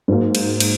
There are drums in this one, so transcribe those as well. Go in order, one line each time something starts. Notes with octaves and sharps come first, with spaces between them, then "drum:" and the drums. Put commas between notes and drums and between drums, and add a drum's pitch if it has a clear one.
G#2 F#3 A#3
drum: cymbal
drum: cymbal